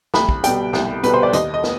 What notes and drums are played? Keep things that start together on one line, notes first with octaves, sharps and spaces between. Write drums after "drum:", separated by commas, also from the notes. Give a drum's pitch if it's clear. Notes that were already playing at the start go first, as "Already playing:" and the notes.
C2 B5, drum: snare
drum: kick
B2 G3 G5, drum: hi-hat
C2, drum: snare
B2 G3 B4, drum: hi-hat
C5
D5
D#2 D#5, drum: hi-hat
D#5
B3, drum: snare